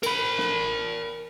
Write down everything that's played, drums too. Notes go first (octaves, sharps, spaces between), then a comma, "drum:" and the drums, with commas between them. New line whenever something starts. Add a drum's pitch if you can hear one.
A#4 B5, drum: cymbal
drum: snare